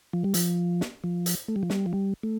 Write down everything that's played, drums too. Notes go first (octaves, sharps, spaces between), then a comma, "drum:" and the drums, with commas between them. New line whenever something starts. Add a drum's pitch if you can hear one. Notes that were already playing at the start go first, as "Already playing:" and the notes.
F3
G3
F3, drum: hi-hat
drum: snare
F3
drum: hi-hat
A3
G3
F3
G3, drum: snare
F3
G3
A3